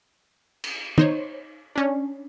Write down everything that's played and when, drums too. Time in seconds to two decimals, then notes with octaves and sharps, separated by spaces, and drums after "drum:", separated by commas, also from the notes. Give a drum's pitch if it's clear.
0.64 drum: cymbal
0.98 D#4 C5 C#5, drum: tom
1.76 C#4 D4